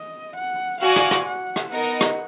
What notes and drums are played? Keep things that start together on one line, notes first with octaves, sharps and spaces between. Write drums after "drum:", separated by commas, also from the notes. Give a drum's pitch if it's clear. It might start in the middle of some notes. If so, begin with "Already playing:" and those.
Already playing: D#5
F#5
F#4 D5 F5 G#5
drum: rim click
drum: rim click
F#5
drum: rim click
B3 D#4 A#4 D#5 F#5
drum: rim click